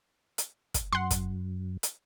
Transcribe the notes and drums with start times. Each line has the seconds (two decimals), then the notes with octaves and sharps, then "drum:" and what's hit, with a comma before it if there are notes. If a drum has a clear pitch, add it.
0.38 drum: hi-hat
0.74 drum: kick, hi-hat
0.93 F#2 F#5 C6
1.11 drum: kick, hi-hat
1.83 drum: hi-hat